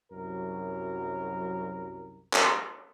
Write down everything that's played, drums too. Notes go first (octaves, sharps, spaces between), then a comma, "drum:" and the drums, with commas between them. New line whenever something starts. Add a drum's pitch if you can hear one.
C2 F#2 F#3 A#4
drum: clap